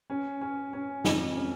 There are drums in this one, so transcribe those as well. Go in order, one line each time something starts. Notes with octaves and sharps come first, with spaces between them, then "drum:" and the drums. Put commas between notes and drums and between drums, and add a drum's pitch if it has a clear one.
C#4
C#4
C#4
F2, drum: snare
C#4